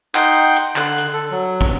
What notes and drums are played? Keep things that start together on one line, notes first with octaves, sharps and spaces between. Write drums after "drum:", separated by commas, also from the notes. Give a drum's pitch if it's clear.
D#4 F#5 G5 C6, drum: clap
drum: hi-hat
D3 F#6, drum: clap
drum: hi-hat
A4
F#3
drum: kick